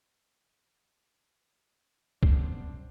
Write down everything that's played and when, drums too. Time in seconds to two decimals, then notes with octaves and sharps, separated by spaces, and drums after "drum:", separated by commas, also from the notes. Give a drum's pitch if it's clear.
2.23 F#2 B2 F3 G3 B3 C4 D4 C5, drum: kick